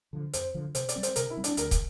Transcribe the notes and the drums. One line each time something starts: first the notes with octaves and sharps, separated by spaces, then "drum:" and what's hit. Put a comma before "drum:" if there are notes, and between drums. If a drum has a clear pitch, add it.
D3 F3
F2 C5, drum: hi-hat
D3 F3
C3 C5, drum: hi-hat
D5, drum: hi-hat
G3 C4
C5, drum: hi-hat
C3 A#4, drum: hi-hat
E4
G3 C4
D4, drum: hi-hat
D2 A#4, drum: hi-hat
drum: kick, hi-hat